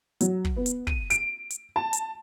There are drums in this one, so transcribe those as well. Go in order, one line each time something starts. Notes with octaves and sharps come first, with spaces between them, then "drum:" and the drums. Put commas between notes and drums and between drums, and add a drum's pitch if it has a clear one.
F#3, drum: hi-hat
drum: kick
B3
drum: hi-hat
D#7, drum: kick
D7, drum: hi-hat
drum: hi-hat
A5
drum: hi-hat